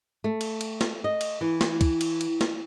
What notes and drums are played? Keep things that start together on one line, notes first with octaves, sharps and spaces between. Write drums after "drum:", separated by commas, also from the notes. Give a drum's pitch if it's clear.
A3
drum: cymbal
drum: cymbal
drum: snare
D#5
drum: cymbal
E3
drum: snare
drum: kick, cymbal
drum: cymbal
drum: cymbal
drum: snare